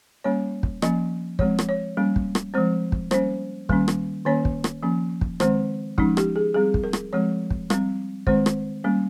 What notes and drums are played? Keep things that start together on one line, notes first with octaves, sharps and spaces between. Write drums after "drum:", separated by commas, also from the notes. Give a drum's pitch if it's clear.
G3 A#3 C#4 C#5
drum: kick
F3 A#3 C#4 D#5, drum: rim click
F3 G#3 C4 C#5, drum: kick
drum: rim click
C#5
G3 A#3 C#4
drum: kick
drum: rim click
F3 G#3 C4 C5
drum: kick
G3 A#3 C#4 C5, drum: rim click
D#3 G3 A#3 C#4, drum: kick
drum: rim click
D#3 A#3 C#4 C#5
drum: kick
drum: rim click
F3 A#3 C#4
drum: kick
D#3 G#3 C4 C5, drum: rim click
F3 G#3 C#4 D#4, drum: kick
G4, drum: rim click
G#4
G3 C4 G#4
drum: kick
A#4
drum: rim click
F3 G#3 C4 C#5
drum: kick
G3 C4, drum: rim click
D#3 G#3 C4 C5, drum: kick
drum: rim click
G3 A#3 C#4